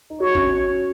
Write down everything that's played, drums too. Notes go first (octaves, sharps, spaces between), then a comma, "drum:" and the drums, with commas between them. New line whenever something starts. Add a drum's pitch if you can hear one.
D#4
F#4 C#5
C#4, drum: kick A1